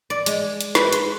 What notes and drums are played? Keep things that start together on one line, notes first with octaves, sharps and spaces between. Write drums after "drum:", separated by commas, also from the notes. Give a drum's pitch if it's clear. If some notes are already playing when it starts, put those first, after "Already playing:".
D5
G#3, drum: hi-hat
drum: hi-hat
B4, drum: snare
C6, drum: hi-hat